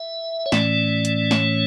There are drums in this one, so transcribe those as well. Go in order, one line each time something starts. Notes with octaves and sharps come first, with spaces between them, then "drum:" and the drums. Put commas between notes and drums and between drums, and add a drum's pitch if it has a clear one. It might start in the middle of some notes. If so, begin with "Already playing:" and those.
Already playing: E5
C#5
A2 E3 A3 C#4 D5, drum: snare
drum: hi-hat
C#5, drum: snare